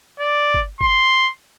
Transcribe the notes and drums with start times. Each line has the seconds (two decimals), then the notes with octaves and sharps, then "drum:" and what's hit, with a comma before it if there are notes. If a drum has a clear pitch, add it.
0.19 D5
0.54 drum: kick G1
0.81 C6, drum: kick G1